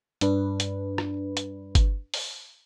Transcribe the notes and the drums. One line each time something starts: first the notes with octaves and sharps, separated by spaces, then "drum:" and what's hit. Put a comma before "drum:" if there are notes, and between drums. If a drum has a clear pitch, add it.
G2 D4 B4, drum: hi-hat
drum: hi-hat
drum: rim click
drum: hi-hat
drum: kick G1, hi-hat
drum: open hi-hat